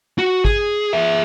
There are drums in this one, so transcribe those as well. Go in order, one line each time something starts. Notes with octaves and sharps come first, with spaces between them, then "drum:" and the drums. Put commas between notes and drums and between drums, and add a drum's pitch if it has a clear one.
F#4
G#4, drum: kick
G#4 E5